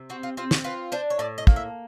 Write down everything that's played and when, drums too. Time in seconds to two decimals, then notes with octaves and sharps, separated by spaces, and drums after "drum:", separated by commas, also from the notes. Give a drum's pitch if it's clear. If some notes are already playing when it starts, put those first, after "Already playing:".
Already playing: C3
0.10 C4 F#4
0.23 F4
0.37 C4 F4
0.51 F#4, drum: snare
0.64 F4 B4
0.92 D4 C5
1.10 C#5
1.19 A2 D5
1.38 D#5
1.47 A#3, drum: kick
1.56 E5